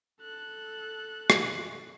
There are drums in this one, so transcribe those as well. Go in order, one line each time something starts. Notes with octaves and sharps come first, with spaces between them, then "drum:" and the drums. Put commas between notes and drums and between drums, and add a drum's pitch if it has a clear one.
A4 F#6
drum: rim click